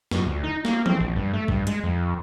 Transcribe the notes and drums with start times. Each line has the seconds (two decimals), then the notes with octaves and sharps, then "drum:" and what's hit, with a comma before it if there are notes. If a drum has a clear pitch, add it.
0.11 F#2, drum: snare
0.26 D2
0.44 D#4
0.65 A#3, drum: snare
0.86 C4, drum: tom E3
1.00 A#1
1.16 G2
1.33 A3
1.48 G2, drum: kick
1.67 G#3, drum: hi-hat
1.83 F2